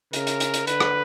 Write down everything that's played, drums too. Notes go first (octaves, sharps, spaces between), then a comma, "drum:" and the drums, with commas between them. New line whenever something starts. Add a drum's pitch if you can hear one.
C#3 A#4, drum: hi-hat
drum: hi-hat
drum: hi-hat
drum: hi-hat
D3 B4, drum: hi-hat
drum: rim click